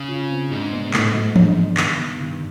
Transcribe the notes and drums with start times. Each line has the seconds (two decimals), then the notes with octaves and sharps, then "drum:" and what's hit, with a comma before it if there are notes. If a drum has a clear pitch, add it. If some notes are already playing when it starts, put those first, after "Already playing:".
Already playing: C#3
0.08 F4
0.30 C4
0.51 G#2 D4
0.73 B3
0.94 A2, drum: clap
1.15 F#3
1.36 D4, drum: tom E3
1.56 B3
1.77 G2 D#3, drum: clap
1.99 B3
2.20 D#3